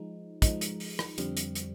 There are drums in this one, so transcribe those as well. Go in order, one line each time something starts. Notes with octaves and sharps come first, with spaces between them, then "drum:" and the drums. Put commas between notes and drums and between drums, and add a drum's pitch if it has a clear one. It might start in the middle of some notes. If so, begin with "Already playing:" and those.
Already playing: F3 G#3 D#4
F3 G#3 D#4, drum: kick, hi-hat
drum: hi-hat
drum: open hi-hat
drum: rim click
F2 D3 G3 C4, drum: hi-hat
drum: hi-hat
drum: hi-hat